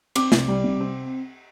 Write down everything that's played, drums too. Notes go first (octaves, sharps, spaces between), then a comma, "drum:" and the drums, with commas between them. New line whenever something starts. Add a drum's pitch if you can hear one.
C4 D6, drum: cymbal
C2, drum: snare
G3
C3
C4